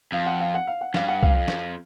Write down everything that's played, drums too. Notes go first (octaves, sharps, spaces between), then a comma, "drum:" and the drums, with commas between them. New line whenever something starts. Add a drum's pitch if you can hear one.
F2 F5
F#5
F5
F#5
F5
F#5
G2 F5, drum: snare
F#5
F5, drum: kick C2
F2
drum: snare